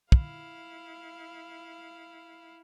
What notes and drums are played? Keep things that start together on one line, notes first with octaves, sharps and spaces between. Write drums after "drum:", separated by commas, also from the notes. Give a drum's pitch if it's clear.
E4 F5, drum: kick